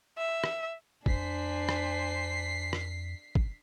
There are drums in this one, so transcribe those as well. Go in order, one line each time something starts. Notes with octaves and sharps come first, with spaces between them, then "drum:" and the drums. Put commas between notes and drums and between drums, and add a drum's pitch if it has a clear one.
E5
drum: rim click
F2 D4 C5 G#5 B6 C7, drum: kick
drum: rim click
drum: rim click
drum: kick